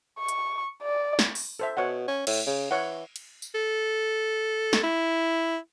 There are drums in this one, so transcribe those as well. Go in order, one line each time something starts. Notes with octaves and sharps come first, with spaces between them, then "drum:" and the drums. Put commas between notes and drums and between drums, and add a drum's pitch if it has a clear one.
C#6
drum: hi-hat
D5
drum: snare
drum: open hi-hat
A4 C5 E5
B2 C#5 F#5
C#4
A2, drum: cymbal
C#3
E3 C#5 F#5
drum: cymbal
drum: tambourine
A4
drum: snare
E4